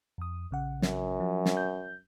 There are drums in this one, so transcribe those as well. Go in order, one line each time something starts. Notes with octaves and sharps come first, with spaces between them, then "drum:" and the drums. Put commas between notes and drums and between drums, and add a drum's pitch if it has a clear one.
F2 D#6
A#1 C#3 F#5
F#2, drum: snare
F3
drum: snare
G6